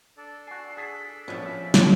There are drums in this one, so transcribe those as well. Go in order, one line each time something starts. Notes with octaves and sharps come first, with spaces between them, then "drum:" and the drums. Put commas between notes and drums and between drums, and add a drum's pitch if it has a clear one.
D4 A4 D5
F#4 G#5 C7
G#4 A5 B6
A#1 B2 F3 C#4
E5 B6
D3 F#6, drum: snare